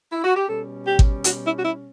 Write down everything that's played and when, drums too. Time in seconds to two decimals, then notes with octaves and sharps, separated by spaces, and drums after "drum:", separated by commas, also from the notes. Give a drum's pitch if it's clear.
0.12 E4
0.24 F#4
0.36 G4
0.48 B2 G3 C#4 A4
0.86 G4
0.99 drum: kick G#1
1.24 F#4, drum: hi-hat
1.45 E4
1.57 F#4
1.64 E4